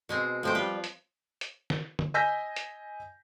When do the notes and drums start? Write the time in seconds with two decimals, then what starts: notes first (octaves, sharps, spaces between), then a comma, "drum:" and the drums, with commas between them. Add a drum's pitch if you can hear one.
0.09 B2 G#3 C4
0.43 F3 G#3 A3 C4 C5 G5
0.55 G3 F4 B4
0.84 drum: hi-hat
1.41 drum: hi-hat
1.70 drum: snare
1.99 drum: tom D3
2.14 D#5 G#5 E6 G6 A#6 B6
2.56 drum: hi-hat